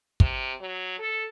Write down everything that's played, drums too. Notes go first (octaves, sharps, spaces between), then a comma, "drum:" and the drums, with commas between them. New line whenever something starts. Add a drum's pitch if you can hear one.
C3, drum: kick
F#3
A4